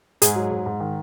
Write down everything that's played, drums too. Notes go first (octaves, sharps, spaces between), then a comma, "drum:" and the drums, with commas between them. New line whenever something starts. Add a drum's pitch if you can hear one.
G#2 G#4, drum: hi-hat
F#3
G#2
G#2
D#3